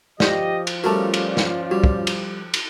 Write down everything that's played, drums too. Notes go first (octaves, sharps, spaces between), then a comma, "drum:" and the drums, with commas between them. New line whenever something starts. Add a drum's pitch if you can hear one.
F3 G4 D5 D#5 G6, drum: snare
drum: cymbal
G3 A3 C#4 F4 F#4 A#4 D5 A5
drum: cymbal
drum: snare
G3 F#4
drum: kick
drum: cymbal
drum: cymbal